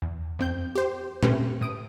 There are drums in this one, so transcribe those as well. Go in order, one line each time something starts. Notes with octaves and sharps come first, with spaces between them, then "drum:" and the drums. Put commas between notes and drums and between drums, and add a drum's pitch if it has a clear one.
E2
F2 C4 G6
G4 C5
A3 C4 C#4 G4 B4 C5, drum: tom A#2
A2 D#6 D7